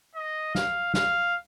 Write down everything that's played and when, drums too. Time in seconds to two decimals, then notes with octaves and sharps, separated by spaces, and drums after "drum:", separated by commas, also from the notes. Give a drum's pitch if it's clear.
0.15 D#5
0.55 F5, drum: snare
0.94 F5, drum: snare